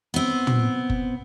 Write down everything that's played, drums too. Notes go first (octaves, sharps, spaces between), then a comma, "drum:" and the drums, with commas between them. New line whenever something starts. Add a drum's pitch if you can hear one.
B3 C4
drum: tom
drum: kick F#1